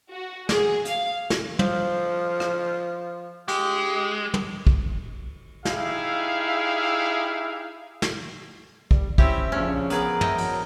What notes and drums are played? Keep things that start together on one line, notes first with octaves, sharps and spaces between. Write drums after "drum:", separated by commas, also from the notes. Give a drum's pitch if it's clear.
F#4
G#4, drum: snare
F5, drum: hi-hat
drum: snare
F3, drum: tom
drum: rim click
G#3 G4, drum: cymbal
drum: tom
drum: kick
D#4 E4 G4 G#4 E5 F5, drum: snare
drum: snare
G3, drum: kick
C4 C#4 E4 G4 E5, drum: kick
A#1 C#3 C#4 F6
B3 G#4 A#4 D5, drum: hi-hat
D#5 E5 G5, drum: tom
F#3, drum: cymbal